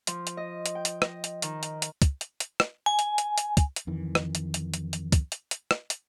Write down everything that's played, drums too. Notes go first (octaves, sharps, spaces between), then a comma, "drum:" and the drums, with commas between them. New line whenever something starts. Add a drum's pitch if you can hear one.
F3, drum: hi-hat
drum: hi-hat
D#5
drum: hi-hat
G5
drum: hi-hat
D#5, drum: rim click
drum: hi-hat
D#3, drum: hi-hat
drum: hi-hat
drum: hi-hat
drum: kick, hi-hat
drum: hi-hat
drum: hi-hat
drum: rim click
G#5
drum: hi-hat
drum: hi-hat
drum: hi-hat
drum: kick, hi-hat
drum: hi-hat
F2 D#3 E3
drum: rim click
drum: hi-hat
drum: hi-hat
drum: hi-hat
drum: hi-hat
drum: kick, hi-hat
drum: hi-hat
drum: hi-hat
drum: rim click
drum: hi-hat